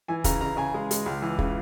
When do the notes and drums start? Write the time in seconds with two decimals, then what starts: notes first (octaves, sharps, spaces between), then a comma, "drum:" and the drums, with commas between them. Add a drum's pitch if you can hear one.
0.08 E3 G#5
0.24 C#3 A#5, drum: kick, hi-hat
0.41 C#3 A#5
0.57 C#3 G#5
0.74 G#3
0.91 G#3, drum: hi-hat
1.06 C#2
1.22 E3
1.38 C#3, drum: kick